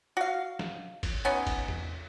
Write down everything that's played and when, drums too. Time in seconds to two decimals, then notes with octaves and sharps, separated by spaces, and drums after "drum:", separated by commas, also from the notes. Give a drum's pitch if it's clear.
0.17 F#4 F5
0.59 drum: snare
1.03 drum: kick, cymbal
1.25 B3 C#4 D#4
1.47 drum: kick, cymbal
1.68 drum: tom E2